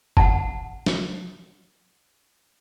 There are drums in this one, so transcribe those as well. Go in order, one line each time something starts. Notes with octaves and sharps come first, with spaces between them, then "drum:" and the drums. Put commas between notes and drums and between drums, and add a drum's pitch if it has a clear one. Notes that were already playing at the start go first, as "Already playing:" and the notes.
F#5 A5, drum: kick
drum: snare